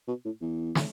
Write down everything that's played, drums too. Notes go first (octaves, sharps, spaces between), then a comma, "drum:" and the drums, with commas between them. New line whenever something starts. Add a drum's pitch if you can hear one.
B2
A2
E2
drum: snare